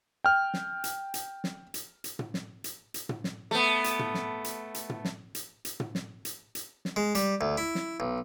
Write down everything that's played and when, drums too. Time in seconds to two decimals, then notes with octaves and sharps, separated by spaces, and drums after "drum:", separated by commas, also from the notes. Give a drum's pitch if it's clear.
0.24 G5 F6
0.54 drum: snare
0.84 drum: hi-hat
1.14 drum: hi-hat
1.44 drum: snare
1.74 drum: hi-hat
2.04 drum: hi-hat
2.19 drum: tom
2.34 drum: snare
2.64 drum: hi-hat
2.94 drum: hi-hat
3.09 drum: tom
3.24 drum: snare
3.51 A3 B3
3.84 drum: hi-hat
3.99 drum: tom
4.14 drum: snare
4.44 drum: hi-hat
4.74 drum: hi-hat
4.90 drum: tom
5.05 drum: snare
5.35 drum: hi-hat
5.65 drum: hi-hat
5.80 drum: tom
5.95 drum: snare
6.25 drum: hi-hat
6.55 drum: hi-hat
6.85 drum: snare
6.96 G#3
7.15 G3, drum: hi-hat
7.41 D2
7.58 E4
7.75 drum: snare
8.00 B1